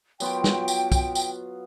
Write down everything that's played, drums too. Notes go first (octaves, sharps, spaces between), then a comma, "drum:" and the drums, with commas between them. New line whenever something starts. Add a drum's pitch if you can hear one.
F#3 B3 F4 G5, drum: tambourine
drum: snare
drum: tambourine
drum: kick, tambourine
drum: tambourine